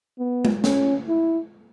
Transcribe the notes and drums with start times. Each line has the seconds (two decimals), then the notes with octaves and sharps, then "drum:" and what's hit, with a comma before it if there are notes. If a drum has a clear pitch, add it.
0.19 B3
0.45 drum: tom G#3
0.64 C#4, drum: snare
1.08 E4